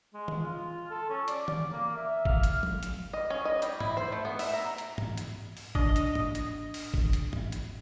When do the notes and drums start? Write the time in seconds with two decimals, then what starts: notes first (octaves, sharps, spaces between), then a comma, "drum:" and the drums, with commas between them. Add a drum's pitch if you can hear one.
0.14 G#3
0.28 drum: tom
0.41 F4
0.91 A4
1.10 C#4
1.28 D5, drum: hi-hat
1.48 D5, drum: tom
1.72 A#3
1.97 E5
2.25 F5, drum: kick
2.43 drum: hi-hat
2.63 drum: tom
2.83 drum: hi-hat
3.13 D#5
3.30 C#4
3.45 D#5
3.62 G3, drum: hi-hat
3.80 E4, drum: tom
3.97 C5
4.12 A3
4.25 B3
4.39 E5, drum: open hi-hat
4.54 A#5
4.78 drum: hi-hat
4.98 drum: tom
5.17 drum: hi-hat
5.57 drum: open hi-hat
5.75 D4 D#5, drum: kick
5.96 drum: hi-hat
6.15 drum: tom
6.35 drum: hi-hat
6.74 drum: open hi-hat
6.94 drum: kick
7.13 drum: hi-hat
7.33 drum: tom
7.52 drum: hi-hat